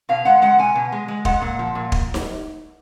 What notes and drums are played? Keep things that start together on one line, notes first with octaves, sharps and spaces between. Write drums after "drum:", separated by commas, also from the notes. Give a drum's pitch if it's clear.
B2 F5
G#3 F#5
G#3 F#5
B2 G#5
B2
G#3
G#3
G#3 F#5, drum: kick
A#2
F3
A#2
drum: kick
drum: snare D#4